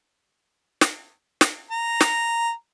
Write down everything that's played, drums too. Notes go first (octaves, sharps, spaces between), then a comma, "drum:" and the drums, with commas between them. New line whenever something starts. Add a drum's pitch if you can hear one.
drum: snare
drum: snare
A#5
drum: snare